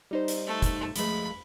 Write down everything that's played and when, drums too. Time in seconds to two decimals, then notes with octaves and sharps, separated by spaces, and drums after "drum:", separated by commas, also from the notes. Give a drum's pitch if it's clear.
0.11 G3 D#4 C5
0.28 drum: hi-hat
0.46 A3
0.62 drum: kick, hi-hat
0.96 F3 G#3 A3 B5, drum: hi-hat